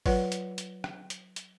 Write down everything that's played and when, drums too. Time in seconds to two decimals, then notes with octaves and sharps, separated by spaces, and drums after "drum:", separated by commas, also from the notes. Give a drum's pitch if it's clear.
0.06 F#3 F4 B4 C#5 F#5, drum: kick, open hi-hat
0.32 drum: hi-hat
0.58 drum: hi-hat
0.84 drum: rim click
1.10 drum: hi-hat
1.36 drum: hi-hat